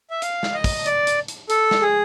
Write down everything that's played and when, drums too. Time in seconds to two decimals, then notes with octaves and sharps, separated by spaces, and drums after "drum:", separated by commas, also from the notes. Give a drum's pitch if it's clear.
0.10 E5
0.22 F5, drum: hi-hat
0.43 drum: snare
0.54 D#5
0.64 drum: kick, open hi-hat
0.86 D5, drum: hi-hat
1.07 drum: hi-hat
1.28 drum: hi-hat
1.50 A4, drum: hi-hat
1.71 drum: snare
1.82 G#4